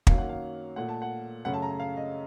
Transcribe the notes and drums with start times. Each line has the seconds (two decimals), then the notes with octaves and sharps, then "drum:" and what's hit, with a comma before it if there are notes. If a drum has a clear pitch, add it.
0.07 F#2 D#3 F#3 A#3 F5, drum: kick
0.18 F#5
0.29 F5
0.76 A#2 A3 F#5
0.89 A5
1.02 F#5
1.45 F#2 C#3 A3 F#5
1.54 A5
1.62 A#5
1.71 A5
1.80 F5
1.97 D#5